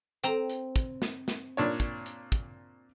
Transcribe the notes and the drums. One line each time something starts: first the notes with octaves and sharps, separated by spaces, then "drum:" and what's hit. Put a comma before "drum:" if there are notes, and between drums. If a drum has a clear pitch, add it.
C4 A#5, drum: hi-hat
drum: hi-hat
drum: kick, hi-hat
drum: snare
drum: snare
A#2 D4 C#5
drum: kick, hi-hat
drum: hi-hat
drum: kick, hi-hat